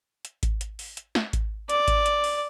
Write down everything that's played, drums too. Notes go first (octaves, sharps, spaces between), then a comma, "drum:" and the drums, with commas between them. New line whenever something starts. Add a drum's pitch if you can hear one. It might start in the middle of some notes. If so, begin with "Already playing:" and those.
drum: hi-hat
drum: kick G#1, hi-hat
drum: hi-hat
drum: open hi-hat
drum: hi-hat
drum: snare
drum: kick G#1, hi-hat
D5, drum: hi-hat
drum: kick G#1, hi-hat
drum: hi-hat
drum: open hi-hat